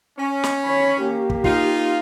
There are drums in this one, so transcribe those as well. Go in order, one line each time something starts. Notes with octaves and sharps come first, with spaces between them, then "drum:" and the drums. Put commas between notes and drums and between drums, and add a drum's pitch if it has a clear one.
C#4
drum: snare
C#5 B5
A#3 G4
drum: kick
D#4 F4, drum: kick